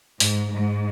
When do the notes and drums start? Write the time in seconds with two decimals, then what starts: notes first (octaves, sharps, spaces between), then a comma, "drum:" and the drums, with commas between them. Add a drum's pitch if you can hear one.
0.20 G#2, drum: open hi-hat
0.52 G#2